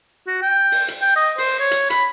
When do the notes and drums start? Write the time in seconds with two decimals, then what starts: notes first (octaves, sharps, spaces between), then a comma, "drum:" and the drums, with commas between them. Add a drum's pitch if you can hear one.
0.27 F#4
0.42 G5
0.72 drum: open hi-hat
0.88 drum: hi-hat
1.02 G5
1.16 D#5
1.38 C5, drum: open hi-hat
1.60 C#5
1.71 drum: hi-hat
1.90 B5, drum: hi-hat